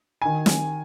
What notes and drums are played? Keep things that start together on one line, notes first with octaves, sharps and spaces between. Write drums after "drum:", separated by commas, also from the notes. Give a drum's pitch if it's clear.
D#3 G#5
drum: snare